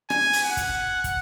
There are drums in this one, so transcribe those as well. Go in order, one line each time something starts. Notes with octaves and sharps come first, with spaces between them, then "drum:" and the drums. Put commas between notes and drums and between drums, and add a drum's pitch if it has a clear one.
G#5, drum: rim click
drum: open hi-hat
F#5
drum: kick, hi-hat
drum: kick, hi-hat